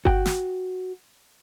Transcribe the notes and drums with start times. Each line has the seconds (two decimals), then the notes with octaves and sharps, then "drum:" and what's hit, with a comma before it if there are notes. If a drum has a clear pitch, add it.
0.05 F#4 G5, drum: kick G1
0.26 drum: snare